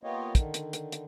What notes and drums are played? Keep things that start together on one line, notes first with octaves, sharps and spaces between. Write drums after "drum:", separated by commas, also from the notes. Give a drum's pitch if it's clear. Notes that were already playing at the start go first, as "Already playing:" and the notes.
A#3 B3 F4 G4 C#5 D#5
D3 D#3, drum: kick, hi-hat
drum: hi-hat
drum: hi-hat
drum: hi-hat